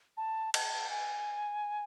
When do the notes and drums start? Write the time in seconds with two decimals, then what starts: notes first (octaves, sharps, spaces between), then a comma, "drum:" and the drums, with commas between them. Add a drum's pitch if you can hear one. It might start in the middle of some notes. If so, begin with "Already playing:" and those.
0.17 A5
0.54 A5, drum: cymbal
0.90 G#5